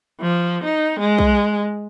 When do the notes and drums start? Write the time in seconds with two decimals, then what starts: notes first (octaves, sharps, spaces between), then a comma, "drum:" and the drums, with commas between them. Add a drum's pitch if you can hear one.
0.21 F3
0.64 D#4
1.00 G#3
1.19 drum: kick